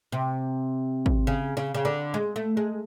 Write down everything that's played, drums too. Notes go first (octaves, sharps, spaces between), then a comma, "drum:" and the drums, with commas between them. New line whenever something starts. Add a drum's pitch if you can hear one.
C3
drum: kick
C#3
C#3
C#3
D3
G#3
A3
G#3